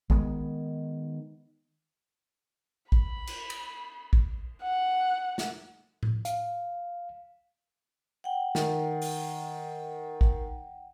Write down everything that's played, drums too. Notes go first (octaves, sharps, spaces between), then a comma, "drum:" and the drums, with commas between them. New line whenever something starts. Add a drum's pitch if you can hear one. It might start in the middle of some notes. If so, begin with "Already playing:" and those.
D#3 G#3 B3, drum: kick A1
B5, drum: kick A1
drum: cymbal
drum: cymbal
drum: kick A1
F#5
drum: snare
drum: tom A2
F5, drum: hi-hat
F#5 G5
D#3, drum: snare
drum: open hi-hat
drum: kick A1